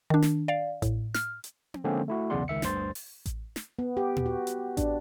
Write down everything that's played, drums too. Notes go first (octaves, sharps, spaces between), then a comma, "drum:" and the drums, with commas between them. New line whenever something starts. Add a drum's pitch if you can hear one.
D#3 D4
drum: snare
D5 F5
A2, drum: kick A1, hi-hat
F6, drum: snare
drum: hi-hat
drum: tom C4
D3 F3 G#3 A#3 C4 C#4
A3 E4 F#4
B1 E2 C#3 D5 F#5 C6
C#2 D#3 E5 C#7
G1 D2 G2 C5 C6 A6, drum: snare
drum: open hi-hat
drum: kick A1, hi-hat
drum: snare
B3
G4
drum: tom A#2
F#4
drum: hi-hat
D4, drum: kick A1, hi-hat